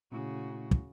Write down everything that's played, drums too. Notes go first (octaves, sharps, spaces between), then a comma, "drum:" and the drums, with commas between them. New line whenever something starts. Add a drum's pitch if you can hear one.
A#2 C#3 A3 E4 F#4
drum: kick